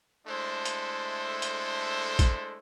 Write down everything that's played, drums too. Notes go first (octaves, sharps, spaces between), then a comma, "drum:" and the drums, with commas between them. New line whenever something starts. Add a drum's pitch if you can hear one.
G#3 A3 D4 E4 A4 C5
drum: hi-hat
drum: hi-hat
drum: kick, hi-hat